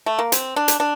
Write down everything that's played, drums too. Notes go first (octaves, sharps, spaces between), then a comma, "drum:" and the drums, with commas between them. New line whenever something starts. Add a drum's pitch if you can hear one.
A3
A#3
C4, drum: hi-hat
D4
drum: hi-hat
D4